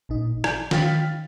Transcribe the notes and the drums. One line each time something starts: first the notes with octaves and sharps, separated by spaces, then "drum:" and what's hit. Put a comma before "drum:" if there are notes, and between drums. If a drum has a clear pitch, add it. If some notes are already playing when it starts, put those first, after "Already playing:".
A1 A#2 D#4
D5 G#5 G6, drum: rim click
D#3 F5 G5 F6 A6 B6, drum: snare